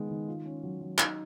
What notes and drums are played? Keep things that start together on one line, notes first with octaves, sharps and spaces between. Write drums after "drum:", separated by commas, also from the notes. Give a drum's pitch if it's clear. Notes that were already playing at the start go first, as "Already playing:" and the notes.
Already playing: D#3 G#3 B3
D#3
F4
C#4
F#3
F#3
D#4, drum: clap